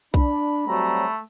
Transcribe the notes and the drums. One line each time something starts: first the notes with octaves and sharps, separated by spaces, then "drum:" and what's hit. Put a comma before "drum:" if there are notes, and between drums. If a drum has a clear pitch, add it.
D4 B5, drum: kick B1
F#3 G3 A3 C4 A#5